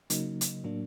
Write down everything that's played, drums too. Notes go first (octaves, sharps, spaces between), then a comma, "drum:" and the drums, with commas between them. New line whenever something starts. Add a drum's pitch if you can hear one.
C#3 F#3 A#3 D#4, drum: hi-hat
drum: hi-hat
A2 F#3 A#3 D4